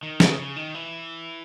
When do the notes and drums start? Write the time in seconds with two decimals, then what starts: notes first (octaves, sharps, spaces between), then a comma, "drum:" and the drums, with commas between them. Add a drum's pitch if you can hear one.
0.03 D#3
0.20 C#3, drum: snare
0.39 C#3
0.56 D#3
0.74 E3